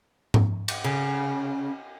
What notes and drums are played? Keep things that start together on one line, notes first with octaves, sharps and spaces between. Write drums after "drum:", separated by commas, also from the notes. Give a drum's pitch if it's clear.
drum: tom G#2
drum: cymbal
C#3